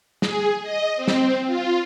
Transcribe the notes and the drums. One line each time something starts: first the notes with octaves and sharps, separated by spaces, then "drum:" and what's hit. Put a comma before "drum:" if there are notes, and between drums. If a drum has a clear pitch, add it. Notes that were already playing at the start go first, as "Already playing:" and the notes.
G#4, drum: snare
D#5
C4
drum: snare
F4